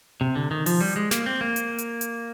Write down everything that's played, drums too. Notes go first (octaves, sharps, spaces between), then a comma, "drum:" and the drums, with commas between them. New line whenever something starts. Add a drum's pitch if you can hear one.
C3
D3
D#3
F3, drum: open hi-hat
G3
G#3
A#3, drum: snare
C4
A#3
drum: hi-hat
drum: hi-hat
drum: hi-hat